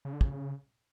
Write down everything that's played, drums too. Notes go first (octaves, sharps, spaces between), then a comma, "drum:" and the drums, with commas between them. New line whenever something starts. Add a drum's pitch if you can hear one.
C#3
D3
C#3, drum: kick